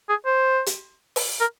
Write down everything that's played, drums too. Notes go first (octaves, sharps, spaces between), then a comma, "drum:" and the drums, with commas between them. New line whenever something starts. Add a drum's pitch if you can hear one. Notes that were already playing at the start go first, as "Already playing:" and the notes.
G#4
C5
drum: hi-hat
drum: open hi-hat
A#4